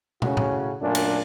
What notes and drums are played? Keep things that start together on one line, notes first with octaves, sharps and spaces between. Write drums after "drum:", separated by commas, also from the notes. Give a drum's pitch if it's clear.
A2 C#3 C#4 F#4, drum: tom
drum: tom
F#2 A#2 A3 D4
drum: cymbal